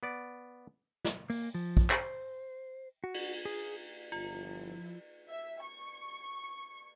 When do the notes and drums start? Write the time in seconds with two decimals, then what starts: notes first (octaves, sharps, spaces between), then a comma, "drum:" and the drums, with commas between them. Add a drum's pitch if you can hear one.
0.03 B3 D5
1.05 drum: snare
1.30 A#3, drum: open hi-hat
1.54 F3
1.77 drum: kick
1.90 C5, drum: clap
3.04 F#4
3.14 drum: cymbal
3.45 G#4
4.12 G1 F3 E4 F4
5.28 E5
5.62 C#6